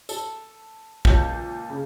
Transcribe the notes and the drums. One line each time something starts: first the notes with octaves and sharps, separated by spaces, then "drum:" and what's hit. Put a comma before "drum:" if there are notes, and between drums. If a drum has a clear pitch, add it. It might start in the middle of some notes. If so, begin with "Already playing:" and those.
A4, drum: tambourine
C#2 A#2 F#4 C#5 A5 G6, drum: kick
C#3